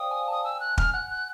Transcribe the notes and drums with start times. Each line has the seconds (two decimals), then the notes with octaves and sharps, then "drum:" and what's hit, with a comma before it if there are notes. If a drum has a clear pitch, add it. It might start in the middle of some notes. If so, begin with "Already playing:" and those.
Already playing: C5 D5 F5 G5 D#6
0.11 G#5
0.28 A5 D#6
0.44 G#5 E6
0.60 F#6
0.78 F6, drum: kick
0.93 F#5 F#6
1.10 F#6